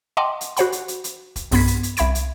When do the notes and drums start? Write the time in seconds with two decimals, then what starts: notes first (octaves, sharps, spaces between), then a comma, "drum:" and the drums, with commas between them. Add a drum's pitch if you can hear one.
0.17 D#5 F#5 G5 A5 C6 D6
0.41 drum: hi-hat
0.57 F#4 C5 F#5 B5, drum: hi-hat
0.72 drum: hi-hat
0.88 drum: hi-hat
1.04 drum: hi-hat
1.36 drum: kick E1, hi-hat
1.51 B1 G2 B3 B5 G#6 B6, drum: open hi-hat
1.67 drum: hi-hat
1.83 drum: hi-hat
1.97 C2 E5 B5 G#6 D7, drum: hi-hat
2.15 drum: hi-hat